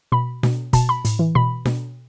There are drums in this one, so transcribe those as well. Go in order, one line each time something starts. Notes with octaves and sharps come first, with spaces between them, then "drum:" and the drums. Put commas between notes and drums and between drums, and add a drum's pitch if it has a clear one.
B2 B5
B2, drum: snare D4
B2 A5, drum: kick, hi-hat
B5
A2, drum: hi-hat
E3
B2 B5
B2, drum: snare D4